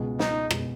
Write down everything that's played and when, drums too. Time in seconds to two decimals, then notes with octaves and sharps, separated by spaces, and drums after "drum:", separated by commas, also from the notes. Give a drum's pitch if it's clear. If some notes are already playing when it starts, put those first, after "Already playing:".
Already playing: C#2 B2 G#3
0.19 D#4, drum: snare
0.51 B2 G#3, drum: rim click